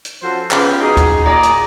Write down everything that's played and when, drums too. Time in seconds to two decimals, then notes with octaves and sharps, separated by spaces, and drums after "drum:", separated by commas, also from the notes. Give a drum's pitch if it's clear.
0.05 drum: hi-hat
0.23 F3 C#4 F#4 A4 C5
0.51 C#3 B3 F4 G4, drum: clap
0.80 D#4 F#4 G#4
0.97 drum: kick, hi-hat
1.25 A#2 G#4 D5 D#5 A#5
1.43 drum: hi-hat